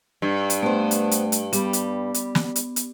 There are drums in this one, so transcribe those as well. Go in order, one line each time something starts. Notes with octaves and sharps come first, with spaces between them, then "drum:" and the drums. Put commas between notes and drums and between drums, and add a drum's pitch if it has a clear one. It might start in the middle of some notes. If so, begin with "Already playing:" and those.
G2
drum: hi-hat
A3 B3 C5
drum: hi-hat
drum: hi-hat
drum: hi-hat
G3 B3, drum: hi-hat
drum: hi-hat
drum: hi-hat
drum: snare
drum: hi-hat
drum: hi-hat